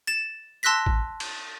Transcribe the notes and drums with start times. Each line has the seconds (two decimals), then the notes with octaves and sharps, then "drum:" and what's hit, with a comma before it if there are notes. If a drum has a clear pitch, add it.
0.07 A6 E7
0.63 A5 C6 E6 F#6 A#6 B6
0.86 drum: kick
1.20 drum: cymbal